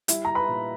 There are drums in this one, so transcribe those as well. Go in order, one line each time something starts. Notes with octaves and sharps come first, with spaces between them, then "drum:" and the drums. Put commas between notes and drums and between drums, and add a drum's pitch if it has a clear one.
G3 E4 E5, drum: hi-hat
A#5
B4 B5
A#2